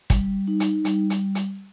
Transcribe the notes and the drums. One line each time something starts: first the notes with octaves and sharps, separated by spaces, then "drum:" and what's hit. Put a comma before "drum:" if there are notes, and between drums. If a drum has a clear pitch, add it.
G3, drum: kick, hi-hat
D#4
drum: hi-hat
G3, drum: hi-hat
drum: hi-hat
drum: hi-hat